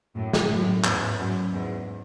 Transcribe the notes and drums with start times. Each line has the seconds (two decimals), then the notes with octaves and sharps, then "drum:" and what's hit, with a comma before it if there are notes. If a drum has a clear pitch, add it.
0.15 F#2 A2
0.33 drum: snare
0.50 F#2 A2
0.85 E2 G#2, drum: clap
1.19 F#2
1.53 E2 G#2